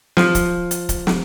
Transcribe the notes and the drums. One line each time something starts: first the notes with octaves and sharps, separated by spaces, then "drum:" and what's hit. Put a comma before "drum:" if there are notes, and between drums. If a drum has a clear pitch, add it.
F3, drum: snare
drum: kick D1, hi-hat
drum: hi-hat
drum: kick D1, hi-hat
drum: snare